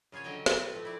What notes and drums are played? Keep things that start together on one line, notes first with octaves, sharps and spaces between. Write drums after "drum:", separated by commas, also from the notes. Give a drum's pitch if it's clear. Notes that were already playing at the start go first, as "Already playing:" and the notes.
C#3 F4 G#4 C#5 G#5
D3 F#3 D#5 G5 G#5
A3 C4, drum: snare
F4 B4
C3 F3 A3 C4
E4 D5